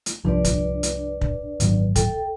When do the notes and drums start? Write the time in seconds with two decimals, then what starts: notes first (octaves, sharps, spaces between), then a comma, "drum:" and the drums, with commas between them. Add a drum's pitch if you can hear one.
0.06 drum: hi-hat
0.25 C2 G2 F3 D4 B4 D5
0.45 drum: kick, hi-hat
0.83 drum: hi-hat
1.21 drum: kick
1.60 G#1 F#2, drum: hi-hat
1.96 A4 G5, drum: kick, hi-hat